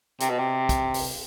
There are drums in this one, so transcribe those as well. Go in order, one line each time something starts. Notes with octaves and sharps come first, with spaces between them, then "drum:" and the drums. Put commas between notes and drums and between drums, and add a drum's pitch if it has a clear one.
C3, drum: hi-hat
B2
C3
drum: kick, hi-hat
drum: open hi-hat